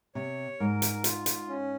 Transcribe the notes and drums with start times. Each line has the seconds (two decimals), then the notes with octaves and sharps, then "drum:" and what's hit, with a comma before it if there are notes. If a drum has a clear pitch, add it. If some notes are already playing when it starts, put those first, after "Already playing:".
0.15 C3 C#5
0.60 G#2 A#4
0.82 drum: hi-hat
1.04 F4, drum: hi-hat
1.26 drum: hi-hat
1.48 C#4